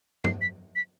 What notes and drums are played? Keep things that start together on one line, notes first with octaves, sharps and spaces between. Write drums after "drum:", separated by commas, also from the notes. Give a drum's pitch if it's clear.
C7, drum: tom
B6
B6